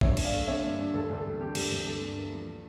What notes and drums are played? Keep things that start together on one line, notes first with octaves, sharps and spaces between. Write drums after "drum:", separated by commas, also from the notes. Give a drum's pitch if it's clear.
G2 C#5 E5, drum: kick
G2, drum: cymbal
D5 F5
A3
D3 C#5 E5
G2
G2
D2 A4
D2
A4
G3
D3 G4
D2, drum: cymbal
D2
G2 A4
G2
A#3
F3